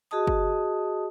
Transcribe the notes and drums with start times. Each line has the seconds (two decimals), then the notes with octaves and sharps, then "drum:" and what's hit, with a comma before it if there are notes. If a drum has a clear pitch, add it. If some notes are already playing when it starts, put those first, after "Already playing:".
0.11 F#4 G#4 D#5 A5 D#6
0.27 drum: kick